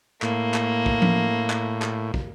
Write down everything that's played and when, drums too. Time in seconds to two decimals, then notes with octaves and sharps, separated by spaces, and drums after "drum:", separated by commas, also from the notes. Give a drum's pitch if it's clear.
0.22 A2 A#3, drum: clap
0.54 drum: clap
0.86 drum: kick
1.02 drum: tom F3
1.50 drum: clap
1.82 drum: clap
2.14 drum: kick